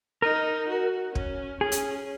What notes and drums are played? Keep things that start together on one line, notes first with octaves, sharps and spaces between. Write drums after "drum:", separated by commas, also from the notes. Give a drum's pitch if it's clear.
D#4 A#4
F#4
C#4, drum: kick
C#4 G#4
drum: hi-hat